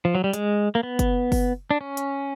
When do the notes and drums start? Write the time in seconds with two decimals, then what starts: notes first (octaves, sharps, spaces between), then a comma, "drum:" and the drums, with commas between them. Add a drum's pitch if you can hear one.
0.05 F3
0.15 F#3
0.24 G3
0.33 G#3, drum: hi-hat
0.75 A#3
0.83 B3
0.99 drum: kick F#1, hi-hat
1.32 drum: kick F#1, open hi-hat
1.71 D4
1.81 C#4
1.97 drum: hi-hat